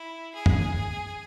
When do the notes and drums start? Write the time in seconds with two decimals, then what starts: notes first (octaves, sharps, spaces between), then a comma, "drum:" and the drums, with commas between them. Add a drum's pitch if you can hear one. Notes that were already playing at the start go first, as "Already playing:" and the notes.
Already playing: E4
0.35 G#4
0.46 drum: tom